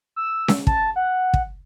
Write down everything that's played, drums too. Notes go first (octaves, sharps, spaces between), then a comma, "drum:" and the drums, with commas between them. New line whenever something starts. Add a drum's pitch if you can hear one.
E6
drum: snare C#4
A5, drum: kick
F#5
drum: kick